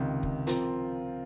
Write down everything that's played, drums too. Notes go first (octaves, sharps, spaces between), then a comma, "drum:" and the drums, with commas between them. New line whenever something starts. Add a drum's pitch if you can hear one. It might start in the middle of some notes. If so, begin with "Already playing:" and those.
Already playing: C#2 C3 D#3
drum: kick
F3 C4 F4 A#4, drum: hi-hat